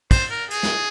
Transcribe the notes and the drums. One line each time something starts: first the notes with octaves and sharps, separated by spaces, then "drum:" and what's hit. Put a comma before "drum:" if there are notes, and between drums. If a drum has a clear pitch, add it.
C5, drum: kick, cymbal
A#4
G#4, drum: cymbal
drum: snare